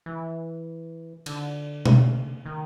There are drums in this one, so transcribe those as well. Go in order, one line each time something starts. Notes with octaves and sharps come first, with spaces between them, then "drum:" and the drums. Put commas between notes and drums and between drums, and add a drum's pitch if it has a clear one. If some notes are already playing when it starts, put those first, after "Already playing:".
E3
D3, drum: cymbal
drum: tom B2
D#3